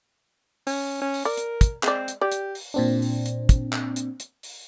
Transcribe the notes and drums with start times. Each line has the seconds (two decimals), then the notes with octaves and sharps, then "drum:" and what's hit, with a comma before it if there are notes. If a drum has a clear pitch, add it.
0.67 C#4, drum: open hi-hat
1.02 C#4
1.14 drum: open hi-hat
1.25 A#4 D5
1.37 drum: hi-hat
1.61 drum: kick, hi-hat
1.83 G#3 C4 D5, drum: clap
2.08 drum: hi-hat
2.21 G4 D5
2.32 drum: hi-hat
2.55 drum: open hi-hat
2.74 A#2 C4 D4
3.02 drum: open hi-hat
3.26 drum: hi-hat
3.49 drum: kick, hi-hat
3.73 drum: clap
3.96 drum: hi-hat
4.20 drum: hi-hat
4.43 drum: open hi-hat